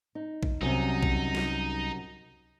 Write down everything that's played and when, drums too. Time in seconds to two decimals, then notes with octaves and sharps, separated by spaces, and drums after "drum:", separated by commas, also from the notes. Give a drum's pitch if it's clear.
0.15 D#4
0.43 drum: kick A#1
0.62 C2 F#2 C3 D#4
1.03 drum: kick A#1
1.35 drum: snare